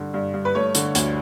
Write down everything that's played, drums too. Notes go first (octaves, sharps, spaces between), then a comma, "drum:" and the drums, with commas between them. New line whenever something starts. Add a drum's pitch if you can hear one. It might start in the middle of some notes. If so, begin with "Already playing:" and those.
Already playing: G2 D3
G2
G2
B4
A3 C#5
D3, drum: hi-hat
D2, drum: hi-hat